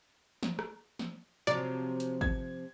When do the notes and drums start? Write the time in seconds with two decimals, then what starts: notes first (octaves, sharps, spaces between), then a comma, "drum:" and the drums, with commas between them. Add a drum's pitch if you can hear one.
0.43 drum: snare
0.59 drum: rim click
0.99 drum: snare
1.47 C3 F3 F#3 D5, drum: hi-hat
2.00 drum: hi-hat
2.21 G#6, drum: kick G#1